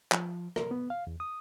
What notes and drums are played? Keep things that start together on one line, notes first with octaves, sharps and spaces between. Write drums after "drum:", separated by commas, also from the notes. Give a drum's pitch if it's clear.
F3, drum: clap
A#4, drum: rim click
B3
F5
E2
D#6